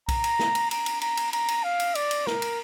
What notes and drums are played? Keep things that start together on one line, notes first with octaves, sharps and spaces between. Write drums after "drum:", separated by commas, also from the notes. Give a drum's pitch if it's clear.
A#5, drum: kick B1, cymbal
drum: cymbal
drum: snare
drum: cymbal
A#5, drum: cymbal
drum: cymbal
A#5, drum: cymbal
drum: cymbal
A#5, drum: cymbal
drum: cymbal
F5
drum: cymbal
D5, drum: cymbal
drum: cymbal
A#4, drum: snare
drum: cymbal